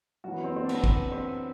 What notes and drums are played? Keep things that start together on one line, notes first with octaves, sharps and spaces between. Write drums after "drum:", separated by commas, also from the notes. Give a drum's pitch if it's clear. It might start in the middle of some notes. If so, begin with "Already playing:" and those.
F#2 E3 F#4
B3
C4
C4
D4
B3, drum: cymbal
C4
B3, drum: kick
C4